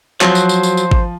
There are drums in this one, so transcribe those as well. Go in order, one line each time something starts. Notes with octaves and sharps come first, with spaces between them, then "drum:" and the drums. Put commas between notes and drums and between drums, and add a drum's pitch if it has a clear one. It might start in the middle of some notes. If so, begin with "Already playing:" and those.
F3 F#3 C5, drum: clap
drum: tambourine
drum: tambourine
drum: tambourine
drum: tambourine
drum: kick G#1